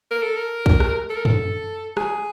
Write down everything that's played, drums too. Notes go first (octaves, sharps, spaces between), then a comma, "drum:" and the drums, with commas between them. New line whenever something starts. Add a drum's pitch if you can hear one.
A#4
A4
A#4
drum: kick
drum: rim click
A4
A#4
A4, drum: tom F#2
G#4, drum: rim click